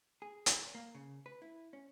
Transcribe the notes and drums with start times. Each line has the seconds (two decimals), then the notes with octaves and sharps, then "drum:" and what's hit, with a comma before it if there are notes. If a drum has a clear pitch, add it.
0.22 G#4
0.46 drum: hi-hat
0.75 A#3
0.95 C#3
1.26 B4
1.42 E4
1.73 C#4